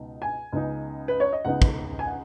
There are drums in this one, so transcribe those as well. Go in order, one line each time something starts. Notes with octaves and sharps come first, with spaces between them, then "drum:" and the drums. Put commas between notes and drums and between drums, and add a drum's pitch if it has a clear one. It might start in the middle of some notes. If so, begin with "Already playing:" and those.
Already playing: C#2 B2 D#4
G#5
C#2 C#3 B3 D#4
B4
C#5
D#5
C#2 C#3 B3 D#4 F#5
drum: kick
G#5
F#5